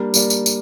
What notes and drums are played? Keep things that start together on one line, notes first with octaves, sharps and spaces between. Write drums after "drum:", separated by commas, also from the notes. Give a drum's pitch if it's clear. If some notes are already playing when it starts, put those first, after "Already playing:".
Already playing: G3 A#3 D4
G3 A#3 D4, drum: tambourine
drum: tambourine
drum: tambourine